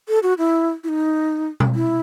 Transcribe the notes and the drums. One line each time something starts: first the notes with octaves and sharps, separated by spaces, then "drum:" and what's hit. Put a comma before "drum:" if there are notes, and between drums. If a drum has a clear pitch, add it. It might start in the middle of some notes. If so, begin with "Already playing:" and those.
A4
F#4
E4
E4
D#4
drum: tom B2
E4